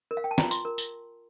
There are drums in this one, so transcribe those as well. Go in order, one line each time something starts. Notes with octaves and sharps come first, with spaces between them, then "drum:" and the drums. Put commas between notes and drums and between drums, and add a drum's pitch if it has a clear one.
A#4
F5
G5
A5
F4 A#5, drum: snare
C6, drum: tambourine
A#4
drum: tambourine